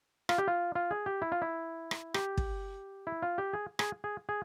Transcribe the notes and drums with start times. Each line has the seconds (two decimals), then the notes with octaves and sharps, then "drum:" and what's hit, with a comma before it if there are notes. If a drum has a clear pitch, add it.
0.29 F4, drum: rim click
0.38 G4
0.48 F4
0.75 F4
0.91 G#4
1.06 G4
1.22 E4
1.32 F4
1.42 E4
1.91 drum: rim click
2.14 G4, drum: rim click
2.37 drum: kick
3.07 E4
3.22 F4
3.38 G4
3.53 G#4
3.79 G#4, drum: rim click
4.04 G#4
4.29 G#4